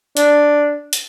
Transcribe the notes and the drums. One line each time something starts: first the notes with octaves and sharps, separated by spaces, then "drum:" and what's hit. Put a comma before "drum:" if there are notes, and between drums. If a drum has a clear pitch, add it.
D4, drum: hi-hat
drum: hi-hat